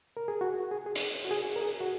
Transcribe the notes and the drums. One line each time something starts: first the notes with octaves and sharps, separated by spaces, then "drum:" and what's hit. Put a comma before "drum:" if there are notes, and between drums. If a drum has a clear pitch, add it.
A#4
G#4
F#4
G#4
G#4
drum: hi-hat
F#4
G#4
A#4
G#4
F#4